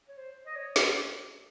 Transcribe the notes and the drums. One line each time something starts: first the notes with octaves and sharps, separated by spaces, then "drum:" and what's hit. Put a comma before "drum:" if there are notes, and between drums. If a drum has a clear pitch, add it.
C#5
C5
D#5
C#5
drum: snare